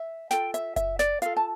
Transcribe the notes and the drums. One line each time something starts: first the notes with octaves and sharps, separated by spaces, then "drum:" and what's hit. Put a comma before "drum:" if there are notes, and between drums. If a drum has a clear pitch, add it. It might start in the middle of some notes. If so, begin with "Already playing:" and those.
Already playing: E5
F4 A4 G5, drum: snare
E5, drum: hi-hat
E5, drum: kick F#1, hi-hat
D5, drum: snare
F4 A4 F5, drum: hi-hat
A5